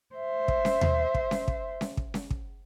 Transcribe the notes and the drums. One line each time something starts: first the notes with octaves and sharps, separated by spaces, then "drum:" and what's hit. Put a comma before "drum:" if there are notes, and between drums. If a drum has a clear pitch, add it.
C5 E5
drum: kick
drum: snare C#4
drum: tom D#2
drum: kick
drum: snare C#4
drum: kick
drum: snare C#4
drum: kick
drum: snare C#4
drum: kick